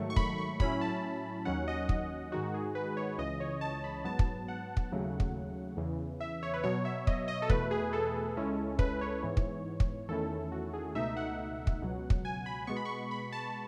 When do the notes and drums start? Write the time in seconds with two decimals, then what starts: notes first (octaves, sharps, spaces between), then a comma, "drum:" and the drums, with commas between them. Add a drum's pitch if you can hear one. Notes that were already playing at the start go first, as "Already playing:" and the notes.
Already playing: G#2 D#3 F#3 A3 C#6
0.10 C#6
0.16 B5, drum: kick
0.38 C#6
0.60 A2 F#3 C#4 E4 B5, drum: kick
0.81 A5
1.45 D#2 D#3 F#3 C#4 F#5
1.68 D#5
1.89 drum: kick
2.32 G#2 D#3 G#3 D#4 F#4
2.54 G#4
2.75 B4
2.97 C#5
3.18 C#2 C#3 E3 D#5
3.40 C#5
3.61 A5
3.84 B5
4.04 G#2 F#3 B3 A5
4.19 drum: kick
4.48 F#5
4.77 drum: kick
4.92 D#2 C#3 F#3 A3
5.20 drum: kick
5.77 E2 C#3 E3
6.20 E5
6.43 C#5
6.54 B4
6.64 B2 F#3 B3 C#5
6.85 E5
7.07 D#5, drum: kick
7.28 D#5
7.42 A4
7.50 E2 B2 A3 B4, drum: kick
7.71 G#4
7.93 A4
8.37 C#2 C#3 G#3 C#4 E4
8.79 B4, drum: kick
9.01 C#5
9.23 G#2 E3 B3
9.37 drum: kick
9.80 drum: kick
10.09 E2 D#3 A3 C#4 E4 A4
10.52 F#4
10.73 G#4
10.95 C#2 B2 A3 D#4 E5
11.17 F#5
11.67 drum: kick
11.82 C#2 B2 F#3
12.10 drum: kick
12.25 G#5
12.46 B5
12.67 B2 G#3 B3 C#6
12.77 B5
12.85 C#6
13.11 B5
13.32 A5